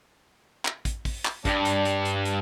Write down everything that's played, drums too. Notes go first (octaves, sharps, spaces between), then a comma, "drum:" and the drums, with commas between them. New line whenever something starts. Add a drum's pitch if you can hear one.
drum: clap
drum: kick, hi-hat
drum: kick, open hi-hat
drum: clap
G2 D4, drum: kick, hi-hat
drum: hi-hat
drum: hi-hat
drum: hi-hat
drum: hi-hat